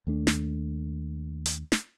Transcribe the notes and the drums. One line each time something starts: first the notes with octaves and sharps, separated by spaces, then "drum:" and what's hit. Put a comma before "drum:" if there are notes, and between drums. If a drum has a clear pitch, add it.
D#2 A3 D4
drum: snare
drum: hi-hat
drum: snare